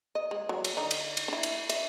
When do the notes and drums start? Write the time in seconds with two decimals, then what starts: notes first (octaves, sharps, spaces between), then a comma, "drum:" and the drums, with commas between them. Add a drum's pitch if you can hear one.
0.15 D#5
0.31 G#3
0.49 F#3
0.64 drum: cymbal
0.77 D3 D#4
0.91 drum: cymbal
1.17 drum: cymbal
1.28 D4 E4
1.43 drum: cymbal
1.69 E5, drum: cymbal